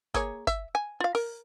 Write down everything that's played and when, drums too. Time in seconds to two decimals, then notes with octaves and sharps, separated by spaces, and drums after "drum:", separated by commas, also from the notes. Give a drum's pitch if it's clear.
0.14 A#3 G#4 C#5, drum: kick G1, hi-hat
0.47 E5, drum: kick G1, hi-hat
0.75 G#5
1.00 F4 F5
1.15 A#4, drum: open hi-hat